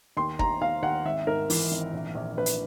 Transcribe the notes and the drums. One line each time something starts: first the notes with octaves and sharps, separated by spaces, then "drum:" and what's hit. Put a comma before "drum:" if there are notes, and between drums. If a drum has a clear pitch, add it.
D#2 C6
D#2 A#5, drum: kick
D#2 F5
D#2 F#5
G#1 E5
G#2 A#4
E3, drum: open hi-hat
G#1
A#1
A#1
A#1 B4
drum: hi-hat